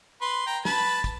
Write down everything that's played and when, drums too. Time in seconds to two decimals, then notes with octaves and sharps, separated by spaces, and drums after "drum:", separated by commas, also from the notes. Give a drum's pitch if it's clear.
0.22 B4 C6
0.47 G5 A#5
0.65 B4 A5 B5, drum: snare
1.04 drum: kick, hi-hat